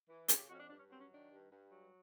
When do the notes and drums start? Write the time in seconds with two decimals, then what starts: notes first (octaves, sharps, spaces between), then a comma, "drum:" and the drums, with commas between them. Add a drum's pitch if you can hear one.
0.09 E3
0.28 C#3 G#4, drum: hi-hat
0.39 G4
0.49 F2 F#4
0.54 C#4
0.60 D4
0.70 G2 D4
0.79 C#4
0.90 F#3 C4
1.01 C#4
1.10 D#3 D4
1.31 G2
1.51 G2
1.71 F#3